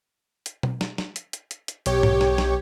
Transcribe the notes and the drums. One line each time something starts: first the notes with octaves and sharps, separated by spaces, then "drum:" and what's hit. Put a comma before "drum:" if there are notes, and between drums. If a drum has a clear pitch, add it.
drum: hi-hat
drum: tom B2
drum: snare
drum: snare
drum: hi-hat
drum: hi-hat
drum: hi-hat
drum: hi-hat
B1 G4 C#5, drum: hi-hat
drum: tom G#2
drum: snare
drum: snare